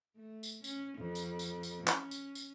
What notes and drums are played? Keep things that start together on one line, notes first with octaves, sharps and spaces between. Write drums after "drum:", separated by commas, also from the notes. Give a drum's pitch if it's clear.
A3
drum: tambourine
C#4, drum: tambourine
F2
drum: tambourine
drum: tambourine
drum: tambourine
C#4, drum: clap
drum: tambourine
drum: tambourine